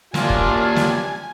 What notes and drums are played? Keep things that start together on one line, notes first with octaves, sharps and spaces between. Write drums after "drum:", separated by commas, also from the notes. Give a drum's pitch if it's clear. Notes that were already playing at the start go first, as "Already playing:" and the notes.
F#2 A#3 D4 F4 G4 G#5, drum: snare
drum: kick
drum: snare